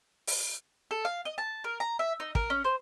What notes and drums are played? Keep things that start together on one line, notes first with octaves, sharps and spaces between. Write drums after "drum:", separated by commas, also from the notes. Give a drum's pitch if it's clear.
drum: open hi-hat
A4
F5
D#5
A5
A#4
A#5
E5
D#4
A#4, drum: kick
C#4
C5